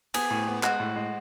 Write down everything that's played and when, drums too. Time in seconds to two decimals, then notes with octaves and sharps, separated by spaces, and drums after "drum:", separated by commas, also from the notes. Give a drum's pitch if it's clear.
0.14 B3 G#4, drum: cymbal
0.31 A2
0.48 B3
0.63 G#3 F#4, drum: clap
0.80 A2
0.96 G#3